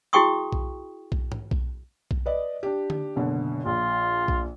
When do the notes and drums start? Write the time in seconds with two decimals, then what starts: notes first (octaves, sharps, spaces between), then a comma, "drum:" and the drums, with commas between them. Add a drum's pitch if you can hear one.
0.13 E4 F#4 G#4 G5 C#6 D#6
0.52 drum: kick B1
1.12 drum: kick B1
1.32 drum: tom G#2
1.51 drum: kick B1
2.11 drum: kick B1
2.26 B4 D5 D#5
2.63 D4 G4
2.90 drum: tom D3
3.16 F#1 B2 D3
3.66 A#1 F4
4.28 drum: kick B1